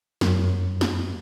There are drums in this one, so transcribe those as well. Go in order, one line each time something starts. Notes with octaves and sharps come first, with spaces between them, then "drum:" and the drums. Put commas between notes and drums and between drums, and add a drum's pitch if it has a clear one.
F#2, drum: snare
drum: snare